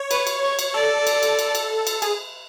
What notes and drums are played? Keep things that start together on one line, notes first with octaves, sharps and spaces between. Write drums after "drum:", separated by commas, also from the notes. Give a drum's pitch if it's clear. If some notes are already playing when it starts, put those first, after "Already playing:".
Already playing: C#5
B4 C#5, drum: cymbal
drum: cymbal
C#5
drum: cymbal
A4 D5
drum: cymbal
drum: cymbal
drum: cymbal
drum: cymbal
drum: cymbal
G#4, drum: cymbal